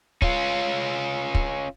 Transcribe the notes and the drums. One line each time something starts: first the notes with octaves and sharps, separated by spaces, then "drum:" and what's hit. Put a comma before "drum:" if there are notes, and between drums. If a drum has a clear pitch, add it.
C#4 F4, drum: kick
drum: kick